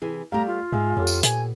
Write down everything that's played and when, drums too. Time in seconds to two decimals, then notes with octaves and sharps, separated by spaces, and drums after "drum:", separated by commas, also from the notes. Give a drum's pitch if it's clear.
0.02 C3 E3 G#4
0.32 G3 A3 G4 F5 A#5
0.47 F4
0.72 G#2 G#3 E5 F5
0.97 F2 B3 G4 A4 C#5
1.07 drum: tambourine
1.23 A#2 G#5, drum: hi-hat